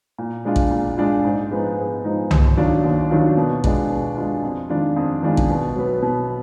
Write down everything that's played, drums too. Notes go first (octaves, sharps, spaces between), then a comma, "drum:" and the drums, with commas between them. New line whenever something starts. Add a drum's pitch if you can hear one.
A#2
G#3 D4 F4
drum: kick A1
A#2
G#3 D4 F4
G#2
F3 G#3 B3 D#4
G#2
F3 G#3 B3 D#4
D#2, drum: tom C2
D#3 F#3 D4 F4
D#2
D#3 F#3 D4 F4
B2
G#3 D4 F4, drum: kick A1
B2
G#3 D4 F4
F2
D#3 G#3 D4 F4
F2
D#3 G#3 D4 F4
drum: kick A1
B2
F#3 B3
B2